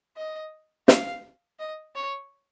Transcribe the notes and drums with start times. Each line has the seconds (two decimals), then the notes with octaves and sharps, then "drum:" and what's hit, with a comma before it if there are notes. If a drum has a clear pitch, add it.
0.17 D#5
0.88 F5, drum: snare
1.59 D#5
1.95 C#5